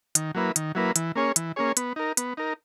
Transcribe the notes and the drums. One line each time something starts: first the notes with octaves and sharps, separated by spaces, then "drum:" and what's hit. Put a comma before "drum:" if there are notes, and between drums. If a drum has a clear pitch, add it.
D#3, drum: hi-hat
F#3 A#3 E4 B4
D#3, drum: hi-hat
F#3 A#3 E4 B4
E3, drum: hi-hat
A#3 C#4 G#4 C#5
E3, drum: hi-hat
A#3 C#4 G#4 C#5
B3, drum: hi-hat
D#4 A#4
B3, drum: hi-hat
D#4 A#4